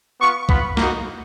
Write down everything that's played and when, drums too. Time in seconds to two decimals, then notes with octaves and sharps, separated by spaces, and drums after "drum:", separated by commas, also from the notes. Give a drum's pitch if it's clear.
0.20 B3 F4 C#6
0.49 B3 F4 B5, drum: kick C2
0.77 A#3 D#4 F#4, drum: snare